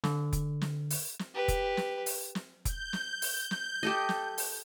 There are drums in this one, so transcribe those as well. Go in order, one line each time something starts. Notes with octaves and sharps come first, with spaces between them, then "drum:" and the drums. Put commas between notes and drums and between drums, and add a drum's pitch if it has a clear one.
D3, drum: snare
drum: kick F1, hi-hat
drum: snare
drum: open hi-hat
drum: snare
G4 B4
drum: kick F1, hi-hat
drum: snare
drum: open hi-hat
drum: snare
G6, drum: kick F1, hi-hat
drum: snare
drum: open hi-hat
drum: snare
G4 A4 D#5
drum: snare
drum: open hi-hat